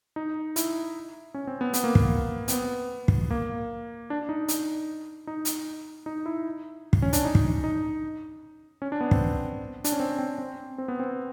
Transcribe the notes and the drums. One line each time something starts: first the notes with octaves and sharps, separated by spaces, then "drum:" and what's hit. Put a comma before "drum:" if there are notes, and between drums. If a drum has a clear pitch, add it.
D#4
E4, drum: hi-hat
C#4
C4
B3
B3, drum: hi-hat
A#3
B3, drum: kick
C4, drum: hi-hat
B3
drum: kick
A#3
D4
D#4
D#4, drum: hi-hat
D#4
drum: hi-hat
D#4
E4
drum: kick
C#4
D4, drum: hi-hat
D#4
drum: kick
D#4
C#4
D4
B3
C4, drum: kick
D4, drum: hi-hat
C#4
C4
C4
C4
C4
B3
C4